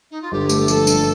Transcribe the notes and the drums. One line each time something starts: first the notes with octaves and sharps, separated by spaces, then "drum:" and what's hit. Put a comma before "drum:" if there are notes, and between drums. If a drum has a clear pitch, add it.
D#4
F4
G1 G4
A3, drum: tambourine
F3 A4, drum: tambourine
G2, drum: tambourine